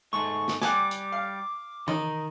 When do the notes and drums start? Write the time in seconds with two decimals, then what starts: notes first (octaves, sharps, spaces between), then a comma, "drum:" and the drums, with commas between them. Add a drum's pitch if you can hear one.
0.13 G#2 G#3 A3 C#6
0.48 drum: snare
0.62 G3 F#5 G#5 D6, drum: snare
0.91 drum: hi-hat
1.12 F5
1.88 D#3 D#4, drum: tom E3